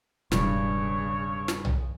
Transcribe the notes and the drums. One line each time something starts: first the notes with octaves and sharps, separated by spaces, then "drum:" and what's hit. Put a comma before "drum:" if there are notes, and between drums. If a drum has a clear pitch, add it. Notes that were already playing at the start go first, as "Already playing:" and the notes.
E1 G2 C#3 C#5, drum: snare
drum: snare
drum: tom B1